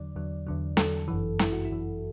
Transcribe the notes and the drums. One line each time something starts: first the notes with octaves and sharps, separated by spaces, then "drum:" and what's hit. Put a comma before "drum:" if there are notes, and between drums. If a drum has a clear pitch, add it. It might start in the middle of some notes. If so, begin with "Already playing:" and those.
Already playing: E2 D3 F#3 D5
E2 D3 F#3
E2 D3 F#3
E2 D3 F#3 A4, drum: snare
G1 F#2 E3
G1 F#2 E3 E4, drum: snare
F#4
E4
G1 F#2 E3